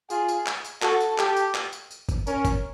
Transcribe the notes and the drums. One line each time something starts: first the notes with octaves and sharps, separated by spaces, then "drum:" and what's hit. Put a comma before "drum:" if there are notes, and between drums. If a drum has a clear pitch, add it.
F4 G#4, drum: tambourine
drum: tambourine
drum: clap
drum: tambourine
F#4 A4, drum: clap
drum: tambourine
G4, drum: clap
drum: tambourine
drum: clap
drum: tambourine
drum: tambourine
drum: kick, tambourine
C#4 A#4, drum: tambourine
drum: kick, tambourine